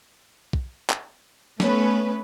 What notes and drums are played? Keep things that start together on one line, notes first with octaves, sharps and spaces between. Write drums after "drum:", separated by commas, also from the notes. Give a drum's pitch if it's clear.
drum: kick
drum: clap
A3 B3 C#4 B4, drum: snare